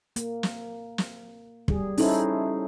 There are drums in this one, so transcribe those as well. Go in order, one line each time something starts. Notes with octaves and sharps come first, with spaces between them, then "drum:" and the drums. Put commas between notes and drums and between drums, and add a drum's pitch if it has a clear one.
A#3, drum: hi-hat
drum: snare
drum: snare
G3 G#4, drum: kick
C#4 D#4 E4 A4 C5, drum: open hi-hat